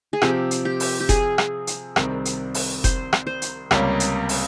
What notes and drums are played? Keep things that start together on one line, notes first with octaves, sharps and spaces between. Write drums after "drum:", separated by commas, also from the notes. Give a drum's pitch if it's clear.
G#4
C3 F3 C4 G4, drum: rim click
drum: hi-hat
G4
drum: open hi-hat
G4
G#4, drum: kick F1, hi-hat
drum: rim click
drum: hi-hat
C2 C3 D#3 G3 C4, drum: rim click
drum: hi-hat
drum: open hi-hat
C5, drum: kick F1, hi-hat
drum: rim click
C5
drum: hi-hat
C#2 C3 G3 A#3 C#4, drum: rim click
drum: hi-hat
drum: open hi-hat